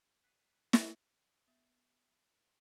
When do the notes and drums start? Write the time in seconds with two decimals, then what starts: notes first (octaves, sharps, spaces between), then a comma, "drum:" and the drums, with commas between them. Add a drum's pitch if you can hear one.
0.24 F#6 B6 C7 D#7
0.73 drum: snare
1.48 B3 E5